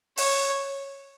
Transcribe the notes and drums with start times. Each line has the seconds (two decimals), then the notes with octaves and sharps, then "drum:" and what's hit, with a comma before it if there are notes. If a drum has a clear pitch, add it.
0.17 C#5, drum: open hi-hat